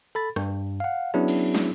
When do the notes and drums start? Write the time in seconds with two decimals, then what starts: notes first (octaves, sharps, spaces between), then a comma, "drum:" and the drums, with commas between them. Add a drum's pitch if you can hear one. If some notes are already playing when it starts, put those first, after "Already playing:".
0.15 A4 B5 A6
0.36 G2, drum: rim click
0.80 F5 F#5
1.14 F#3 B3 C#4 D4 E4 G#4
1.28 drum: cymbal
1.55 drum: snare